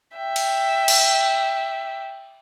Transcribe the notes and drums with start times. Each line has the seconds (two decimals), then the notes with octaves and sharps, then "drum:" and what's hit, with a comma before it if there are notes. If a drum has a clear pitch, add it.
0.17 E5 G5
0.36 drum: cymbal
0.88 drum: cymbal